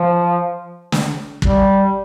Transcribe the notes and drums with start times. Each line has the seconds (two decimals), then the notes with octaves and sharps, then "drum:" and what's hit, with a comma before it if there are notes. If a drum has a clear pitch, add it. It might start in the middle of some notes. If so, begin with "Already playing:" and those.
Already playing: F3
0.92 drum: snare
1.42 G3, drum: kick